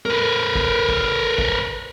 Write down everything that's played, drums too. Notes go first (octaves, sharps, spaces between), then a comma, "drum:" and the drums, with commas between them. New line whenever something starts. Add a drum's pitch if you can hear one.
A#4 B4
drum: kick
drum: kick
drum: kick